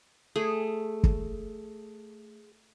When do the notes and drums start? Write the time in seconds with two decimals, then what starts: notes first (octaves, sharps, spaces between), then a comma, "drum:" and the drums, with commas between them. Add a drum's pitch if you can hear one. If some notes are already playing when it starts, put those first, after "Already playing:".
0.36 A3 G#4
1.03 drum: kick